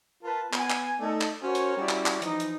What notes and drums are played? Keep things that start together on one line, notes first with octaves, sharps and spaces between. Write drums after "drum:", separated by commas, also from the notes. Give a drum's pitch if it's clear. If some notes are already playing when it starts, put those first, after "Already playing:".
F4 A#4 B4 A5
B3 G#5, drum: clap
drum: clap
A3 D#4 A4 D5 D#5
drum: clap
C#4 F#4 A#4 C5 C#5
drum: hi-hat
G3 C#4 E4 F#4 D5
drum: clap
drum: clap
E3 F3 D#4, drum: hi-hat
drum: hi-hat